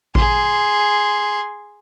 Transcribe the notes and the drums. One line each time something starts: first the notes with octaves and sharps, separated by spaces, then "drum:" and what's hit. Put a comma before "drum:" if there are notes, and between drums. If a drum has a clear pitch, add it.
G#4 C6, drum: kick A1